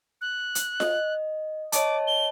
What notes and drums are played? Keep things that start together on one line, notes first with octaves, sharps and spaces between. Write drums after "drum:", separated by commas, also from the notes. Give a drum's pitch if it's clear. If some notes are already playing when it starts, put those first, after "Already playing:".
F#6
drum: hi-hat
D#5, drum: snare F4
C#5 D#5 A5 D6, drum: hi-hat
G7